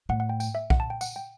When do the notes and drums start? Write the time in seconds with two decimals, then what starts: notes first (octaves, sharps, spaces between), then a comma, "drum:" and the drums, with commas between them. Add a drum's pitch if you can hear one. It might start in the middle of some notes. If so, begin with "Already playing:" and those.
0.09 A2 F#5
0.20 F#5
0.29 G5
0.40 G5, drum: tambourine
0.55 E5
0.70 F#5, drum: kick B1
0.80 A5
0.90 G5
1.01 F#5, drum: tambourine
1.16 G5